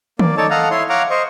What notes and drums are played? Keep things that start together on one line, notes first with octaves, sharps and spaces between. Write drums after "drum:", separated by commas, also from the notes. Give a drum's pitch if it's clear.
A#3 D5, drum: tom D#3
D#4 A4 C#5 D5 A5
A4 D#5 F5 F#5 A#5
E4 C#5 C6
C#5 F5 F#5 A#5 D6
C5 D#5 C#6